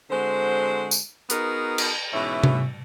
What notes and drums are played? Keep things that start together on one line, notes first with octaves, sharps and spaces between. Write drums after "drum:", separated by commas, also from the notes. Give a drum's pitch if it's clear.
D3 G#3 C4 F#4 C5
drum: tambourine
B3 D#4 F#4 G#4 A#4 B4, drum: hi-hat
drum: cymbal
G#2 B2 E3 C#4 E5
drum: tom C3